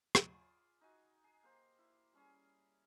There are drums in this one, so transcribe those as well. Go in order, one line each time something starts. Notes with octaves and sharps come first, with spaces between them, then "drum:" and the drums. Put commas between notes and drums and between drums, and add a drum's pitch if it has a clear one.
F4 G#4 D5 B5, drum: rim click
D#4 F#4 G#5
G#4
A#3 G4 C5
E4
G3 C#4 G#4